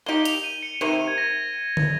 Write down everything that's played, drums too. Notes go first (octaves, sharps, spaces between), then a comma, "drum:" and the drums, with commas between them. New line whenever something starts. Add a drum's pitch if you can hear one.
A#3 D#4 G4 G7
G7
F7, drum: hi-hat
D#7
C#7
C3 D#3 A#3 D#7
G#6
A#6
drum: tom